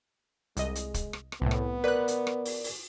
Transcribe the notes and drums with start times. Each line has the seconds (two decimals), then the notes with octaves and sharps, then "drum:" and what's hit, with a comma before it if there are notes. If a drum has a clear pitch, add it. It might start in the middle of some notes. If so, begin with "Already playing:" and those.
0.57 C2 G#3 D#5, drum: hi-hat
0.75 drum: hi-hat
0.94 drum: kick, hi-hat
1.13 drum: rim click
1.32 drum: rim click
1.42 C2 A2 B3
1.51 drum: rim click
1.84 A#4 B4 D5 F#6
2.08 drum: hi-hat
2.27 drum: rim click
2.46 drum: open hi-hat
2.64 drum: open hi-hat